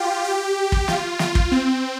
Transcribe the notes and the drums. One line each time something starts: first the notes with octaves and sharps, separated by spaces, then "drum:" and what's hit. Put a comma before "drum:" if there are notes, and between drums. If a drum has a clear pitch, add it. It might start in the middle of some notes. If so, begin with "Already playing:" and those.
Already playing: F4 G4
G4
drum: kick
F4, drum: snare
F4, drum: snare
drum: kick
C4